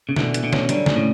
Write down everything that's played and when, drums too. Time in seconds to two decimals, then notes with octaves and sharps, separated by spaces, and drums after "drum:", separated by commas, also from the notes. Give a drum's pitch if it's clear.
0.09 C#3
0.16 B2 D3 E3, drum: snare
0.34 E3, drum: hi-hat
0.43 B2 D3
0.53 C#4, drum: snare
0.69 D3 F#3 G3, drum: hi-hat
0.86 C#4, drum: snare
0.95 A2 C#3